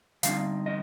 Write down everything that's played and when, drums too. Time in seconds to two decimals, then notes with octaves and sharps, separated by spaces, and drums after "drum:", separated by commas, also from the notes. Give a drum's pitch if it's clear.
0.23 D3 G3 C4 D#4 F5, drum: hi-hat
0.66 D#5